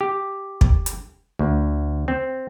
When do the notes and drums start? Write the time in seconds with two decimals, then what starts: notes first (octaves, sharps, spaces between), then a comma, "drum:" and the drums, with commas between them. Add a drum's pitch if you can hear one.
0.01 G4
0.61 drum: kick
0.86 drum: hi-hat
1.39 D2
2.08 C4